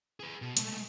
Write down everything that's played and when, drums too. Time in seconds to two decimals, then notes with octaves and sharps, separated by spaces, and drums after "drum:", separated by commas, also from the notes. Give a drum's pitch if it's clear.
0.20 G#4 B4
0.42 B2
0.57 G#3 A3, drum: hi-hat